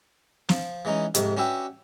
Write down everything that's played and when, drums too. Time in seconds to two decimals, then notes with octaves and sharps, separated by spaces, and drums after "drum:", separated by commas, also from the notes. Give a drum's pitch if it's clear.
0.49 F3, drum: snare
0.85 E3 G#3 C#4 D#4
1.15 F2 G#2 C3, drum: hi-hat
1.37 C#4 D4 F#4 B4 E5 G5